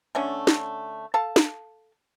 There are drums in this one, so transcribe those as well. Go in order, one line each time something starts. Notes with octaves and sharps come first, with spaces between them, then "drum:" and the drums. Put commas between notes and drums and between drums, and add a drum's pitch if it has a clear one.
D3 A3 C#4
drum: snare
A4 F5 A5
drum: snare